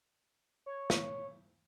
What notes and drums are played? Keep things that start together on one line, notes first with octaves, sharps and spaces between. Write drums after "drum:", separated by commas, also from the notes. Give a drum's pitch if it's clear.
C#5
drum: snare